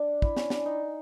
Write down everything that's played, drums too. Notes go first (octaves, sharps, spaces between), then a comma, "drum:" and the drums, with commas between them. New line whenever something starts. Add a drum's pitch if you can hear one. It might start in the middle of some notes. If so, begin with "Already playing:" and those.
Already playing: D4
E4, drum: kick
C#4, drum: snare
D4, drum: snare
D#4